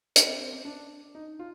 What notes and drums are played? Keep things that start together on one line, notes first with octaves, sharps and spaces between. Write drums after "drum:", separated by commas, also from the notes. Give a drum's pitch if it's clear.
D4, drum: hi-hat
C4
C4
C4
D4
D#4
F4